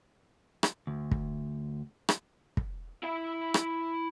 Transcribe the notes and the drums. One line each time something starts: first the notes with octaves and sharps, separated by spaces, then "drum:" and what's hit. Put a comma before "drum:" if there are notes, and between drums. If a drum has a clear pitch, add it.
drum: rim click
D2
drum: kick
drum: rim click
drum: kick
E4 E5
drum: rim click